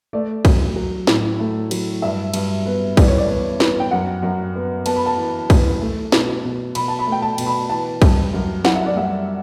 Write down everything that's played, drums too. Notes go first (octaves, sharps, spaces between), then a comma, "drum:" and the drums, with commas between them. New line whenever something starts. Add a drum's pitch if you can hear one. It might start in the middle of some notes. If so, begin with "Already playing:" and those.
A3 D5
F#3, drum: kick B1, cymbal
F#3
A2, drum: snare
A3
F#3, drum: cymbal
G2 E5
G2, drum: cymbal
B3
E3 D5, drum: kick B1, cymbal
C#5
D5
B3
B3, drum: snare
G5
F#2 F#5
F#2
B3
B3 A5, drum: cymbal
B5
A5
E3
E3, drum: kick B1, cymbal
A3
B2, drum: snare
B2
B2 B5, drum: cymbal
A5
B5
A3
G5
A5
B2, drum: cymbal
B5
E3 A5
G3, drum: kick B1, cymbal
F#2
F#2 F#5, drum: snare
E5
D5
G3 E5